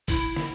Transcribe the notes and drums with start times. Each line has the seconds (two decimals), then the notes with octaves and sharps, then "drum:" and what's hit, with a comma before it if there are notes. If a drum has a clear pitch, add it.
0.08 E4, drum: kick A#1, open hi-hat
0.36 drum: snare